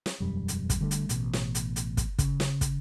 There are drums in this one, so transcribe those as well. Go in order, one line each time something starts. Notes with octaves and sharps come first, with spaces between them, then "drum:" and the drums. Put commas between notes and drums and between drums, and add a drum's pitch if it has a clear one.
drum: snare
E1 F#2 G3
drum: hi-hat
drum: kick, hi-hat
D3 G3 A3
drum: hi-hat
A1 B2, drum: hi-hat
drum: snare
drum: hi-hat
drum: hi-hat
drum: kick, hi-hat
C#3, drum: kick, hi-hat
drum: snare
drum: kick, hi-hat